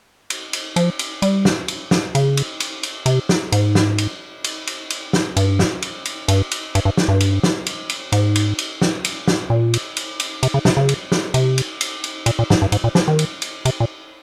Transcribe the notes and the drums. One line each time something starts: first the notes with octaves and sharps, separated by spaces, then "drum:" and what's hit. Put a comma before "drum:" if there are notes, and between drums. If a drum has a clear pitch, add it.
drum: cymbal
drum: cymbal
F3, drum: cymbal
drum: cymbal
G3, drum: cymbal
drum: snare
drum: cymbal
drum: snare
C#3, drum: cymbal
drum: cymbal
drum: cymbal
drum: cymbal
C3, drum: cymbal
drum: snare
G#2, drum: cymbal
drum: snare
drum: cymbal
drum: cymbal
drum: cymbal
drum: cymbal
drum: snare
G2, drum: cymbal
drum: snare
drum: cymbal
drum: cymbal
G2, drum: cymbal
drum: cymbal
G2, drum: cymbal
G2
drum: snare
G2
drum: cymbal
drum: snare
drum: cymbal
drum: cymbal
G#2, drum: cymbal
drum: cymbal
drum: cymbal
drum: snare
drum: cymbal
drum: snare
A#2
drum: cymbal
drum: cymbal
drum: cymbal
C3, drum: cymbal
C#3
C3, drum: snare
C#3
drum: cymbal
drum: snare
C3, drum: cymbal
drum: cymbal
drum: cymbal
drum: cymbal
A#2, drum: cymbal
A#2
G#2, drum: snare
G2
G#2, drum: cymbal
A#2
F3, drum: snare
D#3
drum: cymbal
drum: cymbal
C3, drum: cymbal
A#2